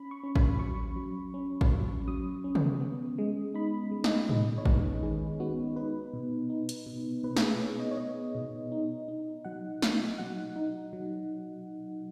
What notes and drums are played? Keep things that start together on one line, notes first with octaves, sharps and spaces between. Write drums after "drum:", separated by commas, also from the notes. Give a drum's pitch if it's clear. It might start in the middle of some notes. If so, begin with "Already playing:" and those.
Already playing: C#4 B5
C#6
C#4
B5, drum: kick A1
F#3 C#6
F#3
C#4
drum: kick A1
F#3
F#3 D#6
C#4
drum: tom
B3
G#3
D#4 B5
G#3
D#5, drum: snare
G#3 D#5, drum: tom G#2
C#5
G#3 B4, drum: kick A1
D#3 G#4
B3 F#4
D#4 B4
B2
D#4
drum: hi-hat
B2
B2 B4
B4, drum: snare
G#4
B3 C#5
D#5
C#5
B3 D#5
B2
D#4
D#4
F#3 F#5
D#4, drum: snare
F#3 F#5
D#4
F#3